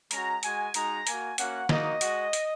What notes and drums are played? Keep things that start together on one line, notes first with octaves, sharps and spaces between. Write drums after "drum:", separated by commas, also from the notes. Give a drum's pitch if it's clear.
G#3 C#4 F#4 A#5, drum: hi-hat
G#3 F#4 G#5, drum: hi-hat
G#3 D#4 F#4 A#5, drum: hi-hat
A#3 F#4 G#5, drum: hi-hat
A#3 C#4 F#4 F#5, drum: hi-hat
A#3 D#4 F#4 D#5, drum: snare
G#3 F#4, drum: hi-hat
drum: hi-hat